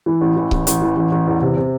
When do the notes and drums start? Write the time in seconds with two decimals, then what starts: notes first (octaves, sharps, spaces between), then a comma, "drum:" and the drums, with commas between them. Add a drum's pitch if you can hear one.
0.06 E3
0.21 A1
0.36 E3
0.51 A1, drum: kick C#1
0.67 A1, drum: hi-hat
0.82 E3
0.96 A1
1.11 A1
1.27 E2
1.42 C3
1.57 C3